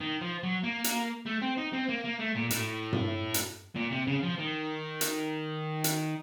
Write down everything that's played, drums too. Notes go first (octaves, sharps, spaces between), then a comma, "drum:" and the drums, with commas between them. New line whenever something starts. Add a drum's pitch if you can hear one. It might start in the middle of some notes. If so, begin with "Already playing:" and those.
D#3
F3
F#3
A#3
drum: hi-hat
A3
C4
D#4
C4
A#3
A#3
A3
A#2
A2, drum: hi-hat
drum: tom G2
drum: hi-hat
A#2
C3
C#3
F3
D#3
drum: hi-hat
drum: hi-hat